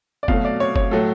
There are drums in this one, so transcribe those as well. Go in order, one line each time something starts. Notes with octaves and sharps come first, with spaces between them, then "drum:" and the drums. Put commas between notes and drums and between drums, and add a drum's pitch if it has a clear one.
D5
B2 F#3 A3 F5, drum: kick F#1
D5
C#5
C#5, drum: kick F#1
A2 F#3 A3 A4